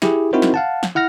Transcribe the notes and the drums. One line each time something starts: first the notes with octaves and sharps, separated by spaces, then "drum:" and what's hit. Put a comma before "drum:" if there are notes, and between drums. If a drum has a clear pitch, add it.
E4 G4 G#4, drum: snare
C4 D#4 E4 F#4 A#4 C5
drum: snare
F5 F#5 A5
drum: snare
E4 F#5 F6 A#6